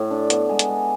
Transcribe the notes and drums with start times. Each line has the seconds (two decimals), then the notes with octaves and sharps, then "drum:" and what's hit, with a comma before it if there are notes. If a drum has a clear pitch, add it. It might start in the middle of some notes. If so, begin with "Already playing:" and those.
Already playing: A2
0.11 D4
0.30 B3, drum: hi-hat
0.49 G#3
0.59 drum: hi-hat
0.69 G#3